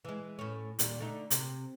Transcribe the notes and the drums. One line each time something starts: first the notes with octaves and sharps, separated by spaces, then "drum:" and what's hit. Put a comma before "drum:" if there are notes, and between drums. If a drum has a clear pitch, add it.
E3 G#3
A2 C#4
D#2 A#2 G3, drum: hi-hat
D3 A3 D#4
C3, drum: hi-hat